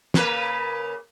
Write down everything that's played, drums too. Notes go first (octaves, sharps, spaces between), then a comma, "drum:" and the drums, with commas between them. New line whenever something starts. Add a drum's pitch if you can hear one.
C#3 A#3 B4, drum: snare